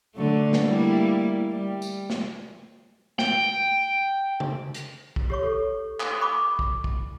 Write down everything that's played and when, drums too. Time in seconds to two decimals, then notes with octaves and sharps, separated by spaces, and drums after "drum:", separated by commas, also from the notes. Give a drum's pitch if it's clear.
0.16 D3 F#3 A3
0.53 drum: snare
0.63 G3 A#3 E4
1.51 G3
1.82 drum: tambourine
2.10 drum: snare
3.19 G5, drum: snare
4.40 drum: tom C#3
4.74 drum: hi-hat
5.16 drum: kick
5.30 G4 C#5 C#6
5.43 A4
6.00 D#6, drum: clap
6.21 B5 C#6 D6
6.59 drum: kick
6.84 drum: kick